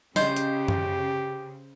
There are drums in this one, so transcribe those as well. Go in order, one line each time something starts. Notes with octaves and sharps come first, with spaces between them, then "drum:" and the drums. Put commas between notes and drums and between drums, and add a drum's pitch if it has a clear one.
C#3 G4 C5 D5 D#5, drum: snare
drum: hi-hat
drum: tom F#2